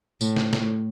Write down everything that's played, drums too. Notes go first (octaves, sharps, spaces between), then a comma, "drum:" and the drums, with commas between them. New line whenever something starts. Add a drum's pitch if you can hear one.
A2, drum: tambourine
drum: snare
A2, drum: snare